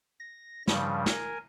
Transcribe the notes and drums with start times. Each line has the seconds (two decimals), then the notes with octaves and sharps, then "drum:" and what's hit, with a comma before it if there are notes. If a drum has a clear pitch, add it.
0.20 A#6
0.67 G2 C#3 F3 G3, drum: snare
1.06 A#4 G#5, drum: snare